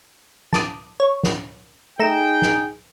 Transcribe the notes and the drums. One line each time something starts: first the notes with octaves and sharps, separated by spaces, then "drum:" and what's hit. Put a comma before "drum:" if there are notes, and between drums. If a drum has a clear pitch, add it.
A5 D6 D#6, drum: snare
C#5
drum: snare
A3 D#4 G#4 G5 A#5 E7
drum: snare